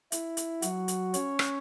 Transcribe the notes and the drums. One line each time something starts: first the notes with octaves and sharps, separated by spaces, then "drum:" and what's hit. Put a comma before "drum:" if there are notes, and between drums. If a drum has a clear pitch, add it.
E4, drum: hi-hat
drum: hi-hat
F#3 F#4, drum: hi-hat
drum: hi-hat
C#4 C#5, drum: hi-hat
drum: rim click